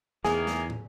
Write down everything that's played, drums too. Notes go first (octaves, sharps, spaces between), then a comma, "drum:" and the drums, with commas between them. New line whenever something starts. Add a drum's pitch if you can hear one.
E2 D#3 E3 A#3 G#4 G#5, drum: snare
drum: snare
drum: tom